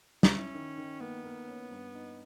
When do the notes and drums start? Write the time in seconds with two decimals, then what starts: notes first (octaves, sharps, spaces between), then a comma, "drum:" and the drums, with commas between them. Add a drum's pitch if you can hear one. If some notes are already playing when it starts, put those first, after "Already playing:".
0.23 D#4, drum: snare
0.30 C#4 E4
0.54 D#3
0.78 D#3
1.00 A#3 B3
1.24 A#3
1.47 C#4
1.71 G2
1.95 D#4